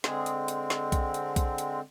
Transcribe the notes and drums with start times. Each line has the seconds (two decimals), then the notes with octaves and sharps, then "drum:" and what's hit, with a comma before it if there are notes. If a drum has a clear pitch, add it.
0.04 D3 G#3 C4 G#4, drum: snare
0.26 drum: hi-hat
0.48 drum: hi-hat
0.70 drum: snare
0.92 drum: kick B1, hi-hat
1.14 drum: hi-hat
1.36 drum: kick B1, hi-hat
1.58 drum: hi-hat